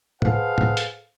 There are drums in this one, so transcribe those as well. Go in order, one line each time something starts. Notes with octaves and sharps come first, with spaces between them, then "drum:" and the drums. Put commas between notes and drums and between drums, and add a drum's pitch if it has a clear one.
G#4 A4 B4 C5 F5 F#5, drum: tom
drum: tom
drum: hi-hat